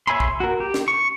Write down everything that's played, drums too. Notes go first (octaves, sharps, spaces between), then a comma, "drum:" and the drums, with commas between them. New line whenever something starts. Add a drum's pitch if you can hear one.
C#5 E5 G#5 B5 C6
drum: kick
F#4 A#4
G4
drum: snare
C#6